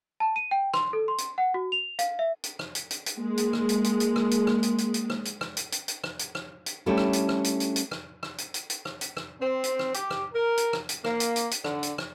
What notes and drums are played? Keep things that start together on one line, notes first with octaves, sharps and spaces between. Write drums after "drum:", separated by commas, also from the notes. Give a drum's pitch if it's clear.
A5
D#7
G5
C6, drum: rim click
A4
C6
drum: hi-hat
F#5
F#4
F7
F5, drum: hi-hat
E5
drum: hi-hat
drum: rim click
drum: hi-hat
drum: hi-hat
drum: hi-hat
G#3 A#3
drum: hi-hat
drum: rim click
drum: hi-hat
drum: hi-hat
drum: hi-hat
drum: rim click
drum: hi-hat
drum: rim click
drum: hi-hat
drum: hi-hat
drum: hi-hat
drum: rim click
drum: hi-hat
drum: rim click
drum: hi-hat
drum: hi-hat
drum: hi-hat
drum: rim click
drum: hi-hat
drum: rim click
drum: hi-hat
G3 A3 C#4 D4 E4 A4
drum: rim click
drum: hi-hat
drum: rim click
drum: hi-hat
drum: hi-hat
drum: hi-hat
drum: rim click
drum: rim click
drum: hi-hat
drum: hi-hat
drum: hi-hat
drum: rim click
drum: hi-hat
drum: rim click
C4
drum: hi-hat
drum: rim click
G4, drum: hi-hat
drum: rim click
A#4
drum: hi-hat
drum: rim click
drum: hi-hat
A#3, drum: rim click
drum: hi-hat
drum: hi-hat
drum: hi-hat
D3, drum: rim click
drum: hi-hat
drum: rim click